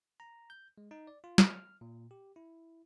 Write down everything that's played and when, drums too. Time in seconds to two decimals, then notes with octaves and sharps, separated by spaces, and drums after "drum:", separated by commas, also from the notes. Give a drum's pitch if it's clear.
0.20 A#5
0.50 G6
0.78 G#3
0.91 D#4
1.07 D5
1.24 F4
1.38 drum: snare
1.49 F6
1.81 A#2
2.11 G4
2.36 E4